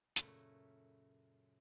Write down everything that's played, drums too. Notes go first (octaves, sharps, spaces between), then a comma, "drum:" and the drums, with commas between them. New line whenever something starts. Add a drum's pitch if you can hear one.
F#2 A#2 C#3 A3 E4, drum: hi-hat